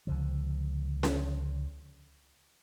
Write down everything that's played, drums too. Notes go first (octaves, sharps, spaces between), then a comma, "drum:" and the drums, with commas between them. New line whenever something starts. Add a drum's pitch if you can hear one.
C#2 D3 F3
drum: snare C#4